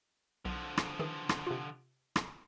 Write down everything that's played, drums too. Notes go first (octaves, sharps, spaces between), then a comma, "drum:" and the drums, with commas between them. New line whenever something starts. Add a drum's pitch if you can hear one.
B1 D3 F3
drum: rim click
D#3 E3 G#4
drum: rim click
C3 F4
drum: rim click